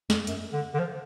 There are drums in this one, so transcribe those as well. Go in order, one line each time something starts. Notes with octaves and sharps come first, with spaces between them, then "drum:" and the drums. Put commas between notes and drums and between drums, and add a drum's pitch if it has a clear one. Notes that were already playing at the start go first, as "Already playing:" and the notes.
F2, drum: snare
F#2, drum: hi-hat
D3
D3
F3